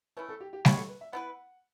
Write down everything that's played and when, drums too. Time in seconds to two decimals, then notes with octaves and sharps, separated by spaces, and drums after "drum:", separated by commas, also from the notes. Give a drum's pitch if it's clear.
0.17 A3 C#4 E4 B4
0.29 A4
0.40 G4
0.53 G4
0.65 G3 D4 F#4 G4 C#5, drum: snare G3
0.77 A4
0.88 B4
1.01 E5
1.12 B3 E4 B4 F#5